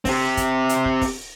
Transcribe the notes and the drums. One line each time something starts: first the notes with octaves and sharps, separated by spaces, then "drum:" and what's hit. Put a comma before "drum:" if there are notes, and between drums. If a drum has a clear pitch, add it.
C4 G4, drum: kick, open hi-hat
drum: kick, hi-hat
drum: hi-hat
drum: kick
drum: kick, open hi-hat